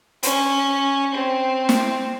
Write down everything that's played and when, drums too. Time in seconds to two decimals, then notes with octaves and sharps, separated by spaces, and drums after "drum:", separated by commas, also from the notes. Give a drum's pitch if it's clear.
0.23 C#4, drum: hi-hat
1.14 C4
1.69 drum: snare